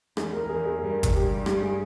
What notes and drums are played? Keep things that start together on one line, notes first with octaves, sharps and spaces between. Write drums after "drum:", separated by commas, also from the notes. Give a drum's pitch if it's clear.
E2 G#4, drum: rim click
A#4
A#4
E2 G#4
G#4
G2 A#4
drum: kick G1, hi-hat
G2 G4
G4, drum: rim click
G#4